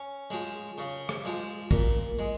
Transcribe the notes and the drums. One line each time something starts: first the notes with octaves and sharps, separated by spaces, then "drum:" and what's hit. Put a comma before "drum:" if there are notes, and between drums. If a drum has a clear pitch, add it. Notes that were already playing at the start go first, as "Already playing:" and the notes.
Already playing: C#4
F3 G#3
C#3
drum: rim click
F3 G#3
A#2, drum: kick
G#3